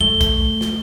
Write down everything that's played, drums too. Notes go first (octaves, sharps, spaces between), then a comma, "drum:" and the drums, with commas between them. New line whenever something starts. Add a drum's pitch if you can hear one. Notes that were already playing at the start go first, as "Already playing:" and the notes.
A3 G7
drum: kick, hi-hat
drum: snare